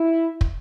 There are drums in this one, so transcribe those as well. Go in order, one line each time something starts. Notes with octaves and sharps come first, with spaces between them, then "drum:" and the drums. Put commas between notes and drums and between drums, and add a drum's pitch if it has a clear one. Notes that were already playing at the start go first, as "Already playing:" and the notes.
Already playing: E4
drum: kick